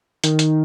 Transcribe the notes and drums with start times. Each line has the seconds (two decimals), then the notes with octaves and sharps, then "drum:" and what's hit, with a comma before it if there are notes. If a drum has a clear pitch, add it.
0.24 D#3, drum: hi-hat
0.39 drum: hi-hat